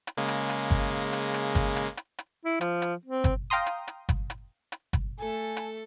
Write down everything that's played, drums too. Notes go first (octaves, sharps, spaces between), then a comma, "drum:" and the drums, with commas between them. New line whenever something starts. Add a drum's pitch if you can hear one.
drum: hi-hat
C#3 G#3 A#3
drum: hi-hat
drum: hi-hat
drum: kick G1
drum: hi-hat
drum: hi-hat
drum: kick G1, hi-hat
drum: hi-hat
drum: hi-hat
drum: hi-hat
E4
F3, drum: hi-hat
drum: hi-hat
C4
drum: kick G1, hi-hat
F5 G5 A#5 C6 D#6
drum: hi-hat
drum: hi-hat
drum: kick G1, hi-hat
drum: hi-hat
drum: hi-hat
drum: kick G1, hi-hat
A3 A4 G#5
drum: hi-hat